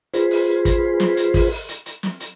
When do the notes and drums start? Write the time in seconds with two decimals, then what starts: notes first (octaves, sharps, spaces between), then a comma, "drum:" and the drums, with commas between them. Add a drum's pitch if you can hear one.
0.14 F4 G#4 B4 C5, drum: hi-hat
0.31 drum: open hi-hat
0.65 drum: kick, hi-hat
1.00 drum: snare
1.17 drum: hi-hat
1.34 drum: kick, open hi-hat
1.51 drum: open hi-hat
1.69 drum: hi-hat
1.86 drum: hi-hat
2.03 drum: snare
2.20 drum: hi-hat